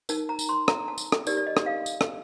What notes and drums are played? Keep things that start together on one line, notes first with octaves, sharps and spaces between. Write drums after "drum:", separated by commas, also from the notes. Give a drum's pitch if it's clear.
D#4 A#4 A5, drum: tambourine
A#5
drum: tambourine
C6
A#5, drum: rim click
A5
drum: tambourine
drum: rim click
D#4 G4 A#4 D5, drum: tambourine
D5
D#5
drum: rim click
F5
drum: tambourine
drum: rim click